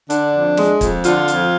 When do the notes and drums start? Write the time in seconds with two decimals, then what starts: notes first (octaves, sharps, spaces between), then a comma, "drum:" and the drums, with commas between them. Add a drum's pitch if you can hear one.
0.10 D3 D4, drum: hi-hat
0.34 F2
0.57 G#3, drum: snare
0.81 F2, drum: kick, hi-hat
1.04 D3 F4, drum: hi-hat
1.28 F2, drum: hi-hat